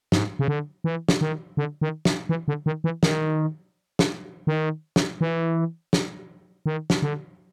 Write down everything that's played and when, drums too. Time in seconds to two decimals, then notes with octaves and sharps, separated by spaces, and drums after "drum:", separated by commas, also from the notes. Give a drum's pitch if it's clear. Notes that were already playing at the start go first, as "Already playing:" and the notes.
0.12 G#2, drum: snare
0.39 C#3
0.48 D3
0.84 E3
1.09 drum: snare
1.21 D#3
1.57 D3
1.81 D#3
2.05 drum: snare
2.29 E3
2.48 D3
2.66 D#3
2.84 E3
3.03 D#3, drum: snare
3.99 drum: snare
4.47 D#3
4.96 drum: snare
5.21 E3
5.93 drum: snare
6.66 D#3
6.90 drum: snare
7.02 D3